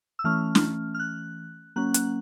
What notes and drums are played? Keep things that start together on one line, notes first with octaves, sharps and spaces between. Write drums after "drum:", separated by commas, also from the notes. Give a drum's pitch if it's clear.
E6
E3 A3 C#4 F6
drum: snare
F6
F#6
F#3 A#3 C#4 F#6
F#6, drum: hi-hat